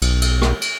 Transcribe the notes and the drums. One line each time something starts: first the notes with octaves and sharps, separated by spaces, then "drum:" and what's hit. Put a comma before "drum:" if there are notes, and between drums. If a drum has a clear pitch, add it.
B1, drum: cymbal
drum: cymbal
drum: rim click
drum: cymbal